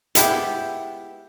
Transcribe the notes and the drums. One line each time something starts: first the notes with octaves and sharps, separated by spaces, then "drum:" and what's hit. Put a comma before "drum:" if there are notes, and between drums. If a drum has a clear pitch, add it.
G#3 B3 E4 G4, drum: hi-hat